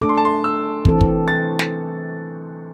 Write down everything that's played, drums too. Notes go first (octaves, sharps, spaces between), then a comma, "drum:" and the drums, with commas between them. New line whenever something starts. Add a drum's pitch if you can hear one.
A3 D4 A4 D6
C6
A5
C6
E6
E3 C4 A4, drum: kick
drum: kick
A6
drum: snare